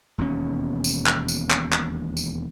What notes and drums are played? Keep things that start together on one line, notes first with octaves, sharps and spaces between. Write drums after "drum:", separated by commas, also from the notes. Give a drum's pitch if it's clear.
E1 D#2 B2 C#4
drum: tambourine
drum: clap
drum: tambourine
drum: clap
drum: clap
drum: tambourine